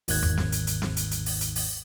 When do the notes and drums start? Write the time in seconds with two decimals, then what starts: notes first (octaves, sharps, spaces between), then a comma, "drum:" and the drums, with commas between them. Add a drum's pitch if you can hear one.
0.08 G1 D#2 G#2 D#3 F#6 G#6, drum: open hi-hat
0.23 drum: tom E2
0.37 drum: snare
0.52 drum: hi-hat
0.67 drum: hi-hat
0.82 drum: snare
0.96 drum: hi-hat
1.11 drum: hi-hat
1.26 drum: open hi-hat
1.41 drum: hi-hat
1.56 drum: open hi-hat